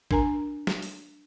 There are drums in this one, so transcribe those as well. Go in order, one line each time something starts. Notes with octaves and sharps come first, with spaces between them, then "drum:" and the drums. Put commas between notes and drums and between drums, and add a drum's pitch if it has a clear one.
D4 A#4 G#5 A#5, drum: kick
drum: snare
drum: open hi-hat